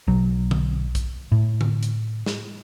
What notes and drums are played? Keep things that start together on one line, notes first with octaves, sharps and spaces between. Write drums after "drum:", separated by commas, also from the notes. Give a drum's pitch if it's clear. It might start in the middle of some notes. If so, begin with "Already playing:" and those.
B1 F#3
drum: tom D3
drum: kick B1, hi-hat
A2
drum: tom D3
drum: hi-hat
drum: snare